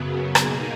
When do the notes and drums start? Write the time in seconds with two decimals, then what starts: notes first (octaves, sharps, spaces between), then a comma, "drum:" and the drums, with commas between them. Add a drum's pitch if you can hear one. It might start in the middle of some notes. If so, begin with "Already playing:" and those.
Already playing: F#2 C#3 F#3 B3
0.35 B2 A#3 D#4 G#4, drum: rim click